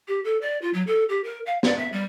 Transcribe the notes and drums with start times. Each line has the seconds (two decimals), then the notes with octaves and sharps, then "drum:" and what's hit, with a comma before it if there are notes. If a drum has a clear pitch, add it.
0.08 G4
0.24 A4
0.41 D5
0.62 F4
0.74 F#3
0.87 A4
1.09 G4
1.24 A#4
1.46 F5
1.63 D5, drum: snare
1.78 E5
1.92 G3